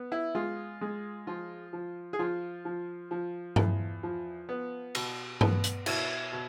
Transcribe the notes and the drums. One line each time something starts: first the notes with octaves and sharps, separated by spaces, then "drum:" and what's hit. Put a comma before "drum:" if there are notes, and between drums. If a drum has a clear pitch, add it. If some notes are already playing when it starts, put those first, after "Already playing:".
Already playing: B3
E4
G#3 F4
G#3
F3 F4
F3
G#4
F3 F4
F3
F3
E2, drum: tom G2
F3
B3
B2, drum: cymbal
B3, drum: tom G2
drum: hi-hat
B2 E4, drum: cymbal
B2